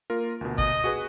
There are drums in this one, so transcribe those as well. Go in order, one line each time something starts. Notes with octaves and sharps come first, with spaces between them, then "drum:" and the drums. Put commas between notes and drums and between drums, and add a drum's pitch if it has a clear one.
A#3 F4 A#4
D2 B2
D#5, drum: kick G#1
F#4 G#4 B4